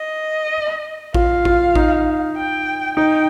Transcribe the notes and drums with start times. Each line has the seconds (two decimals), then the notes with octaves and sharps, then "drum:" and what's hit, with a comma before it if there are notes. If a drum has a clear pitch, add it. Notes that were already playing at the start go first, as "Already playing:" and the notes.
Already playing: D#5
1.14 F4 F5, drum: kick A1
1.45 F4, drum: kick A1
1.76 D#4, drum: kick A1
2.37 G5
2.97 D#4 G5